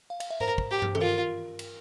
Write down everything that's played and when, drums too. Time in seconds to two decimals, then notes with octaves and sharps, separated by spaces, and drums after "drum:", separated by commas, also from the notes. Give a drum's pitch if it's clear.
0.10 F5
0.20 F5, drum: cymbal
0.30 E5
0.40 A#4 C5, drum: tom G#2
0.58 drum: kick
0.71 G4
0.82 drum: tom
0.95 A4, drum: tom
1.01 F4 A#4
1.59 drum: cymbal